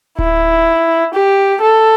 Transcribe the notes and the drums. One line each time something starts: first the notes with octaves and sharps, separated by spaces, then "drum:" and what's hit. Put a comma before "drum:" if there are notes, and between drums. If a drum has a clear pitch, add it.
E4, drum: kick D1
G4
A4